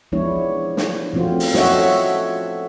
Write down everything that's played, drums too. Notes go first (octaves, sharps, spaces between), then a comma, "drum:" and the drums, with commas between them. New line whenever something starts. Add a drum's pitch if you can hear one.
F3 G#3 B3 D4 E4 C#5
drum: snare
F3 A3 C4 F4 F#4 C5
drum: open hi-hat
F#4 A4 C#5 D#5 E5 F#5, drum: snare